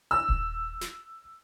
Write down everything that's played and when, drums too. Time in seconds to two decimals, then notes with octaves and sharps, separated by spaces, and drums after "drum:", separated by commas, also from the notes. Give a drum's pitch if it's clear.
0.11 E6
0.29 drum: kick D#1
0.81 drum: snare